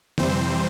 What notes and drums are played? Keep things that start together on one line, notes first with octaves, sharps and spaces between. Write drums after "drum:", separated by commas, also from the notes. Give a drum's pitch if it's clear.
F2 C3 E3 G3 C4 C5, drum: tom D3